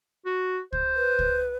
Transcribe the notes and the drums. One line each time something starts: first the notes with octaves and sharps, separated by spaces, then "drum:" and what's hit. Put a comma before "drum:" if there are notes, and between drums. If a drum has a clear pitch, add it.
F#4
C5, drum: kick C#2
B4
drum: kick C#2